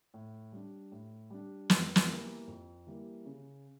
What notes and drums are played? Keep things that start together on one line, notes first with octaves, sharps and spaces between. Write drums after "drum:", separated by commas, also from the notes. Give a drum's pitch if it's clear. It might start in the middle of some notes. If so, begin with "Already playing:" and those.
A2
G3 D4
A2
G3 D4
F2, drum: snare
drum: snare
E3 G3 A#3 E4
F2
E3 G3 A#3 E4
C#3